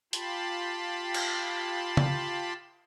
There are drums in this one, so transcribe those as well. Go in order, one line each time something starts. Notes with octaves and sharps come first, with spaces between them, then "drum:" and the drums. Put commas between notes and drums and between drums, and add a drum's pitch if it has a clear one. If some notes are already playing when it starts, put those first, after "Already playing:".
F4 G4 G5 A5 B5 C6, drum: hi-hat
drum: cymbal
drum: tom C#3